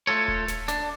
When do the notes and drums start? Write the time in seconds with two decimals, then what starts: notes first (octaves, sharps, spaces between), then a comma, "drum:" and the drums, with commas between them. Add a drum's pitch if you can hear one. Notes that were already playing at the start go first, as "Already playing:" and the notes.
0.07 A3 F4 A4 C#5
0.28 drum: kick D#1
0.48 drum: snare
0.68 D4, drum: snare